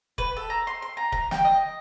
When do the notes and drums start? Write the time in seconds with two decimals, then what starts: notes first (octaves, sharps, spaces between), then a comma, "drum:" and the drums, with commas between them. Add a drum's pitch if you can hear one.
0.18 B4, drum: kick
0.37 A4
0.50 A#5
0.67 C6
0.82 C6
0.97 A#5
1.12 A#5, drum: kick
1.31 G5, drum: snare
1.45 D#5